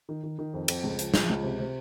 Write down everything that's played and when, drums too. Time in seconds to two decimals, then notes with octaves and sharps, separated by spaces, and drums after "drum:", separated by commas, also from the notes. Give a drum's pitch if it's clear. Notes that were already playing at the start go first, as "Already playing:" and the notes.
0.09 D#3
0.24 D#3
0.39 D#3
0.54 F2
0.68 F2, drum: cymbal
0.83 C#2
0.99 F3, drum: hi-hat
1.14 F3, drum: snare
1.29 C#2
1.43 C3
1.59 C3